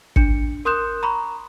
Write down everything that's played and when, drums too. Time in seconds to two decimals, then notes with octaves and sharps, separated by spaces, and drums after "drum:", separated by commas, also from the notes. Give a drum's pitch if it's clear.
0.16 D4 C#7, drum: kick
0.65 A#4 C6 D#6 F#6 G6 E7
1.03 A#5 B5 C#6